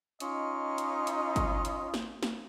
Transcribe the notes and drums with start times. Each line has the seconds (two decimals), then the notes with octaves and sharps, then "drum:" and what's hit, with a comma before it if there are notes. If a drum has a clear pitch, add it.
0.20 C#4 D#4 F4 D#5, drum: hi-hat
0.78 drum: hi-hat
1.07 drum: hi-hat
1.36 drum: kick G#1, hi-hat
1.65 drum: hi-hat
1.94 drum: snare
2.23 drum: snare